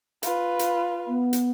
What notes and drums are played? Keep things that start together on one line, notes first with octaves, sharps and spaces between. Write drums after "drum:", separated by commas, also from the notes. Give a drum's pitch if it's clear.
F4 B4, drum: hi-hat
drum: hi-hat
B3
drum: hi-hat